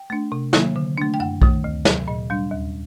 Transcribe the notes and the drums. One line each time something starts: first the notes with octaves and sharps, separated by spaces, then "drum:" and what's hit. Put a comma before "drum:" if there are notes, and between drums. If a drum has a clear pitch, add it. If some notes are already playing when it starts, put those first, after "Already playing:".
Already playing: G5
A3 D4
C3
D#3 F#3 A#3, drum: snare
D3
A3 D4
G5
F#2 F#5
D#3 A3, drum: kick B1
D2
C3 F#3, drum: snare
A#2 D#5
G3 D4
D#2